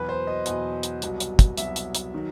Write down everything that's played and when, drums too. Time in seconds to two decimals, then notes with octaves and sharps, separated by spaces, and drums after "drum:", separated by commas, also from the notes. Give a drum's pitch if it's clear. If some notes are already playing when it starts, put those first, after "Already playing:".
Already playing: E2 B2 F#3 B4
0.09 C5
0.27 D#5
0.46 E2 B2 F#3 D#5, drum: hi-hat
0.83 drum: hi-hat
1.02 C2 B2 F#3, drum: hi-hat
1.20 drum: hi-hat
1.39 drum: kick, hi-hat
1.58 C2 B2 F#3 E5, drum: hi-hat
1.76 drum: hi-hat
1.95 drum: hi-hat
2.14 D#3 F#3